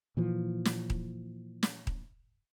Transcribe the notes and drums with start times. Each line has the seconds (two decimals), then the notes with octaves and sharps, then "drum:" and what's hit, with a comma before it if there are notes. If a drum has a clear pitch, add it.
0.17 A#2 E3 F3
0.65 drum: snare
0.90 drum: kick D#1
1.63 drum: snare
1.87 drum: kick D#1